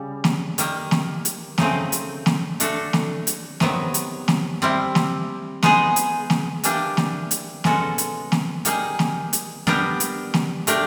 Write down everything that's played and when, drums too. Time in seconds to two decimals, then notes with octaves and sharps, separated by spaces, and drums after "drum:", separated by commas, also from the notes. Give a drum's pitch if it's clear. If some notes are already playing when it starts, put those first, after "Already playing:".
Already playing: C#3 G3
0.24 drum: snare
0.58 D#3 G3 A#3, drum: hi-hat
0.91 drum: snare
1.25 drum: hi-hat
1.58 C#3 F#3 A3 C4 D#4, drum: snare
1.92 drum: hi-hat
2.26 drum: snare
2.60 A3 D4 F#4 A4, drum: hi-hat
2.93 drum: snare
3.27 drum: hi-hat
3.60 C3 D#3 F#3 B3, drum: snare
3.94 drum: hi-hat
4.28 drum: snare
4.62 G3 C4 E4
4.95 drum: snare
5.63 G#3 B3 D#4 G#4, drum: snare
5.96 drum: hi-hat
6.30 drum: snare
6.64 E3 G3 A#3 D4 G4, drum: hi-hat
6.97 drum: snare
7.31 drum: hi-hat
7.64 B2 G#3 C#4 F#4 A4, drum: snare
7.98 drum: hi-hat
8.32 drum: snare
8.65 G3 A#3 D#4 G#4, drum: hi-hat
8.99 drum: snare
9.33 drum: hi-hat
9.67 G3 B3 D4 G4 A#4, drum: snare
10.00 drum: hi-hat
10.34 drum: snare
10.67 A3 D4 G4 A#4, drum: hi-hat